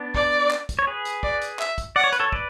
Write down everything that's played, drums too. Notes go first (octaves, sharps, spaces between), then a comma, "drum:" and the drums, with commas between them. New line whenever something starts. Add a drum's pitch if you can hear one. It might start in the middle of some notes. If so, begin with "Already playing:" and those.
Already playing: B3 D4
D5, drum: kick
drum: clap
drum: kick, hi-hat
C#5
G#4 B4
drum: hi-hat
D5, drum: kick
drum: hi-hat
E5, drum: clap
drum: kick, hi-hat
D5 F#5
C#5
B4, drum: hi-hat
A4 C#5
B4 D5, drum: kick